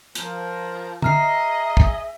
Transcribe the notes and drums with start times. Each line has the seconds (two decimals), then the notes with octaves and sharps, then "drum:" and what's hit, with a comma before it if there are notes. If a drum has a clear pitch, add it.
0.15 F3 A#4, drum: hi-hat
1.02 G#4 D#5 E5 A#5 F6 C7, drum: tom
1.77 drum: kick